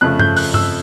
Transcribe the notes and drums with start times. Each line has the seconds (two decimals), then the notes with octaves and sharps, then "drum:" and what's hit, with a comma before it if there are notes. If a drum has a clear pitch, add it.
0.01 F2 C#3 F3 A3 F#6
0.19 G6, drum: tom G2
0.37 F#6, drum: open hi-hat
0.54 E6, drum: tom G2